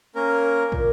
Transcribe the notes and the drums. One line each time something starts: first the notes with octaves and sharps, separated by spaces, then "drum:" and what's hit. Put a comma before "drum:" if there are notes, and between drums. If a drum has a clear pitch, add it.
A#3 C#4 A#4
A#2, drum: kick